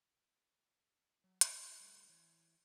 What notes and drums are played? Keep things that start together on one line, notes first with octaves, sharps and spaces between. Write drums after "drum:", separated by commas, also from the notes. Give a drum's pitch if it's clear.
F#3
D3, drum: hi-hat
F4 E5
A2 D3 G3 D#4 A#4 A#5
E3 C#5